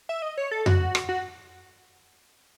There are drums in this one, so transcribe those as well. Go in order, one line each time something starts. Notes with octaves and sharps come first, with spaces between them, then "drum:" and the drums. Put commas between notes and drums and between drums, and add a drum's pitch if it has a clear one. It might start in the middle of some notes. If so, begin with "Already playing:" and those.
E5
D#5
C#5
A4
F#4, drum: tom F2
drum: rim click
F#4